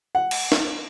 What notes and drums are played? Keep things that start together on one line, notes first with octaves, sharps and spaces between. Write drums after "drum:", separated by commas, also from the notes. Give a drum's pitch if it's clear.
F#5
drum: cymbal
drum: snare